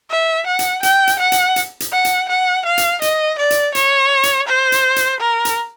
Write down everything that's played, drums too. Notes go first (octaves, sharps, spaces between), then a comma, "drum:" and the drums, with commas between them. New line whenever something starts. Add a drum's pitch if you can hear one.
E5
F#5
drum: hi-hat
G5, drum: hi-hat
drum: hi-hat
F#5
drum: hi-hat
drum: hi-hat
drum: hi-hat
F#5
drum: hi-hat
F#5
F5
drum: hi-hat
D#5, drum: hi-hat
D5
drum: hi-hat
C#5, drum: hi-hat
drum: hi-hat
C5
drum: hi-hat
drum: hi-hat
A#4
drum: hi-hat